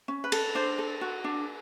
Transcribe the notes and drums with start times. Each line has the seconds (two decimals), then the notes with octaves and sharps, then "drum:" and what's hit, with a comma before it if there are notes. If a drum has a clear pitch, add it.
0.08 C#4
0.24 B4
0.32 A4, drum: cymbal
0.55 D4 C5
0.78 A4
1.01 F#4
1.24 D4